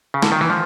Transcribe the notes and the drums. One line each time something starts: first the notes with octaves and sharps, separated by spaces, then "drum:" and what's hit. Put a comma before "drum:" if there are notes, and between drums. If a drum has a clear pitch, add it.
C#3
D3, drum: snare
D#3
E3
F3